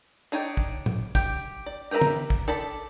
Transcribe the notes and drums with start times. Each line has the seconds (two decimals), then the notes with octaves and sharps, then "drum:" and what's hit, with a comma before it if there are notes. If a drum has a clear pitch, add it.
0.32 D4 D#4 C#5 D5 G5
0.57 drum: kick
0.86 drum: tom
1.15 G4, drum: kick
1.66 D5
1.91 G4 A#4 B4 E5 A#5
2.01 drum: tom
2.30 drum: kick
2.48 A4 D5 A5 B5